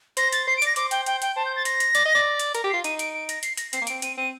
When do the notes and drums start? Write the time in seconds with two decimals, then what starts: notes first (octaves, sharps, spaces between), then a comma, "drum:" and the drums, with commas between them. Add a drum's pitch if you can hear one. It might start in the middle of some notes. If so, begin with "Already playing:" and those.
0.17 C5 A#6, drum: hi-hat
0.32 A6, drum: hi-hat
0.47 C5 C7
0.57 D7
0.62 D5 A#6, drum: hi-hat
0.76 C5 D6, drum: hi-hat
0.91 G5, drum: hi-hat
1.06 G5, drum: hi-hat
1.22 G5, drum: hi-hat
1.36 C5 A5
1.45 G6
1.56 A6
1.65 A#6, drum: hi-hat
1.80 drum: hi-hat
1.95 D5, drum: hi-hat
2.05 D#5
2.15 D5
2.39 drum: hi-hat
2.55 A#4 A#6, drum: hi-hat
2.64 G4
2.70 F4 C7
2.84 D#4 D#7, drum: hi-hat
2.99 D7, drum: hi-hat
3.14 D7
3.29 A#6, drum: hi-hat
3.43 C7, drum: hi-hat
3.57 A#6, drum: hi-hat
3.73 C4 C7, drum: hi-hat
3.82 A#3
3.87 C4 D7, drum: hi-hat
4.02 C4 D#7, drum: hi-hat
4.17 C4 D#7